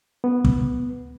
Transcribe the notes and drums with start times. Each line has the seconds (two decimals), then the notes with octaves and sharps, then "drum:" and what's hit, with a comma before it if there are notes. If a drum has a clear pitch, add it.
0.24 B3
0.44 drum: kick